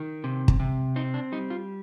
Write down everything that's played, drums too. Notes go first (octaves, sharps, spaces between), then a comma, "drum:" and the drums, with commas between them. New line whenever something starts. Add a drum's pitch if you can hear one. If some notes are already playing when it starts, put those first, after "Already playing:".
Already playing: D#3
C3
drum: kick
C3
C4 D#4
D4
G3 D#4
F4